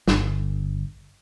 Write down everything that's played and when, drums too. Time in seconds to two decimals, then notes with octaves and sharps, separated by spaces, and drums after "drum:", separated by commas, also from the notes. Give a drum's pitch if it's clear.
0.08 G1, drum: snare